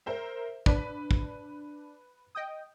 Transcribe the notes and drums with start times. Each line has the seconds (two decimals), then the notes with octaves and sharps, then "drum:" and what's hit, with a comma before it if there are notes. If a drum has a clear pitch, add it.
0.06 A#4 C5 E5
0.66 D4 B4 B6, drum: kick
1.11 drum: kick
2.35 D#5 G5 D#6